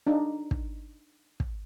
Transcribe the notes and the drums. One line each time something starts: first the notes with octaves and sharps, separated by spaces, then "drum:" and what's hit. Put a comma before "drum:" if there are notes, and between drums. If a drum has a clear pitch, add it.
D4 D#4
drum: kick
drum: kick